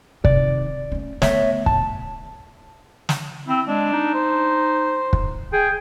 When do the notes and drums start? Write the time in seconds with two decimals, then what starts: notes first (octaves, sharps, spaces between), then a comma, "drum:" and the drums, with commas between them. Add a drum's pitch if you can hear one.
0.25 C3 D#3 D5, drum: kick
0.92 A3 C#4
1.22 A3 B3 C#5 E5, drum: snare
1.66 G1 B2 A5, drum: kick
3.09 drum: snare
3.48 C4 E4
3.68 G#3 D4
3.93 D#4
4.15 C5
5.13 drum: kick
5.53 G#4 G5